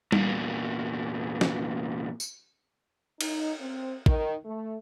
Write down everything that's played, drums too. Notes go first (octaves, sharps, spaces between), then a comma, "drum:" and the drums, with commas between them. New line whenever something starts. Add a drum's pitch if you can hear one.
E2 A#2, drum: tom G3
drum: snare
drum: tambourine
D#4, drum: cymbal
C4
D#3, drum: kick
A3